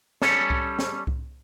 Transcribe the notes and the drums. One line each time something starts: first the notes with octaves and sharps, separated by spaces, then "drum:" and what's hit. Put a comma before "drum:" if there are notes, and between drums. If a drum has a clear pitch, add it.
G3 C#4 A4 C#5, drum: snare
drum: kick C2
drum: snare
drum: kick C2